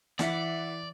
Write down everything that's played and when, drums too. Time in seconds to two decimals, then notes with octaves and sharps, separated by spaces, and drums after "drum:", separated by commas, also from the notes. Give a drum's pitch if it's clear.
0.19 E3 E4 D5 E5 F#5, drum: snare